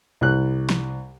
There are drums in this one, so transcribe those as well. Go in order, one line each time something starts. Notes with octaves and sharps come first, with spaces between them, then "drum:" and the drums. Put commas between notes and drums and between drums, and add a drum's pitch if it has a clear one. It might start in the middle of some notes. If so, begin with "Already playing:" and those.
C2 F#6
drum: snare